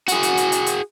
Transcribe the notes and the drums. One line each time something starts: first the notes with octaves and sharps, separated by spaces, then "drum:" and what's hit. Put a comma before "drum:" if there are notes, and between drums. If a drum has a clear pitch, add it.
F#4 G#4, drum: hi-hat
drum: hi-hat
drum: hi-hat
drum: hi-hat
drum: hi-hat